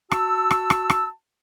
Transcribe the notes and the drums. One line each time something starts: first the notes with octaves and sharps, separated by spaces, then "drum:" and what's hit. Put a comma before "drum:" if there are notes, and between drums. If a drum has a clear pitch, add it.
F#4 A5 E6, drum: rim click
drum: rim click
drum: rim click
drum: rim click